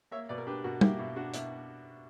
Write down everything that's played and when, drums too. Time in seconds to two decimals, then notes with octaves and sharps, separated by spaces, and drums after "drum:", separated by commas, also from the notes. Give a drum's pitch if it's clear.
0.11 A#3 C#5 E5
0.29 B2 B4 D5
0.38 A#4
0.47 D4 G4 B4
0.64 B2 F#4 A#4
0.81 A#3 E4 G4, drum: tom
0.99 B2 E4
1.16 D4 F#4
1.34 B2 E4, drum: hi-hat